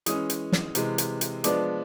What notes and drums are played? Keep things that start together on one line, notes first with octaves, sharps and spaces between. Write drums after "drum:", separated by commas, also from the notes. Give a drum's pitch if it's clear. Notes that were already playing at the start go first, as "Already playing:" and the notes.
E3 G#3 C#4 D#6, drum: hi-hat
drum: hi-hat
drum: snare
C3 E3 G#3, drum: hi-hat
drum: hi-hat
drum: hi-hat
F3 G#3 B3 D4 D6, drum: hi-hat